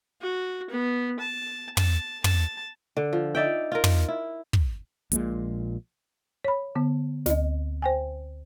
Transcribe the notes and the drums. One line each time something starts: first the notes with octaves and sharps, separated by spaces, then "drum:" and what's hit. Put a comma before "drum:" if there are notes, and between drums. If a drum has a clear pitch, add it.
F#4
B3
A5
A5, drum: tom
A5, drum: tom
D3
F3
D#4 D5 E5 G5
F4 A#4
drum: tom
E4
drum: kick
A#1 A#2 D3 G#3, drum: hi-hat
C#5 B5
D3 B3
D2 D#5, drum: snare
C5 G5 G#5